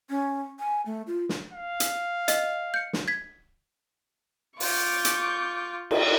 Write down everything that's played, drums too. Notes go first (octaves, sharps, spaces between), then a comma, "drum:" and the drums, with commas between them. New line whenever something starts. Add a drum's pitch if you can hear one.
C#4
G#5
A3
F4
drum: snare
F5
drum: hi-hat
D#5, drum: hi-hat
G6 C#7
drum: snare
G#6 B6
F4 C#6 D6 G6, drum: open hi-hat
drum: hi-hat
drum: cymbal